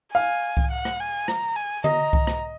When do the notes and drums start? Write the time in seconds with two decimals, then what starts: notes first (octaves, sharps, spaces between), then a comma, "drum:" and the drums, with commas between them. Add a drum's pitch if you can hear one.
0.14 F5 G#5
0.57 drum: kick C2
0.71 F#5
0.85 drum: rim click
1.00 G#5
1.28 A#5, drum: rim click
1.56 G#5
1.84 D#5 A#5, drum: tom D3
2.13 drum: kick C2
2.27 drum: rim click